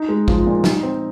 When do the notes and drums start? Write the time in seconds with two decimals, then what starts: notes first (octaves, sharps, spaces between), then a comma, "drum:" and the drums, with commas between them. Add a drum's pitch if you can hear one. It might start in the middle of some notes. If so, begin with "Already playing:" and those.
Already playing: D#4
0.09 G#3
0.28 F3, drum: kick
0.46 A#2
0.64 D#4, drum: snare
0.83 C4